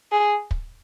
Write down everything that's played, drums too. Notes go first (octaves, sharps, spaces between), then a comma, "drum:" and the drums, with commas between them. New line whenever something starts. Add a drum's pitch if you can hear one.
G#4
drum: kick